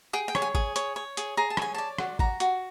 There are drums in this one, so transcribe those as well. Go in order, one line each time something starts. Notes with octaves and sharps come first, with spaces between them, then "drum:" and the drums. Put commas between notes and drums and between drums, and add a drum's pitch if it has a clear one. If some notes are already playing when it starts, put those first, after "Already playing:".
G#4 G5
G5
C#5, drum: rim click
G#5
G#4, drum: kick G#1
C#5, drum: hi-hat
C#5
G#4, drum: hi-hat
G#4 A#5
A5
C#5 G#5, drum: rim click
D5 A5
F#4, drum: rim click
F#4 A#5, drum: kick G#1
F#4, drum: hi-hat